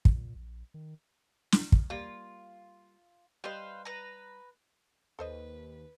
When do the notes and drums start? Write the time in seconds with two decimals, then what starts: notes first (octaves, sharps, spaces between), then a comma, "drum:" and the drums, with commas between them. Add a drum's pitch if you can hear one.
0.05 drum: kick
0.15 A#2
0.36 A#1
0.74 D#3
1.52 drum: snare
1.72 drum: kick
1.90 G3 A#3 F4
3.44 G3 B4 C5 D#5 F5
3.85 B4 A#5
5.19 D#2 A4 B4 C5 D#5